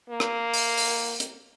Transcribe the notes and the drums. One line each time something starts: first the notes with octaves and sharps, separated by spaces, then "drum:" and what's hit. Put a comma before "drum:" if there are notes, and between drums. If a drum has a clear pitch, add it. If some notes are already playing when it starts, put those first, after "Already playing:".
A#3
drum: rim click
drum: open hi-hat
drum: open hi-hat
drum: hi-hat